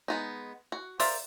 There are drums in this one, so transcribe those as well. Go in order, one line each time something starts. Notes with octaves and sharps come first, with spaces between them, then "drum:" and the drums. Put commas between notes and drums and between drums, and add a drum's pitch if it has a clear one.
G#3 B3 D#4
F#4
A#4 C5 D5 E5 F5, drum: open hi-hat